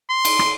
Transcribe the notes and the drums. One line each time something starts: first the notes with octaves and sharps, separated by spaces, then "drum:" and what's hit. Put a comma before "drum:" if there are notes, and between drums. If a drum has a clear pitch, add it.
C6
drum: cymbal
drum: rim click